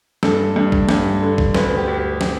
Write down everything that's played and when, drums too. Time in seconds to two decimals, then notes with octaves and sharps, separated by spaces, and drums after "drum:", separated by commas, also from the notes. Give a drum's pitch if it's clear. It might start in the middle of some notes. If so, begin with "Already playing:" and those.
0.23 G2 A4, drum: snare
0.56 G2
0.72 drum: kick A1
0.89 G2, drum: snare
1.22 D3
1.38 drum: kick A1
1.55 D2 B4, drum: snare
1.77 G4
1.87 D2
1.98 G4
2.21 drum: snare